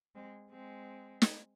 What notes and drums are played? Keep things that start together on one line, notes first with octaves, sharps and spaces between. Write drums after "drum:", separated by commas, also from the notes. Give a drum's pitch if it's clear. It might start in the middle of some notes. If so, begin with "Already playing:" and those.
G#3 C4
G#3 C4
drum: snare